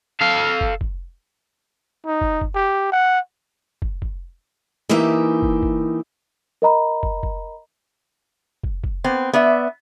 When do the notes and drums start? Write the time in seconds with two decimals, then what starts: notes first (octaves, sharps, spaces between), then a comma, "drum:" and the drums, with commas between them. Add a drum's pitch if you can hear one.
0.21 A4 F5
0.61 drum: kick
0.81 drum: kick
2.06 D#4
2.21 drum: kick
2.41 drum: kick
2.55 G4
2.92 F#5
3.82 drum: kick
4.02 drum: kick
4.89 E3 A#3 D#4 G4 E5
5.42 drum: kick
5.62 drum: kick
6.62 A#4 D#5 A#5 B5
7.03 drum: kick
7.23 drum: kick
8.63 drum: kick
8.84 drum: kick
9.04 B3 C4
9.33 B3 D5 E5